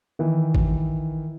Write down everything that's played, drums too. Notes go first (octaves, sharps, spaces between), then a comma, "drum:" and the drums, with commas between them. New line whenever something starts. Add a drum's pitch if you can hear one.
D#3 E3
drum: kick